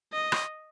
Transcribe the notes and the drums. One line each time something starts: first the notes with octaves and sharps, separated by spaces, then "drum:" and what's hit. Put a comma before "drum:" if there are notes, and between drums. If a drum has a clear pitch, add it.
D#5
drum: rim click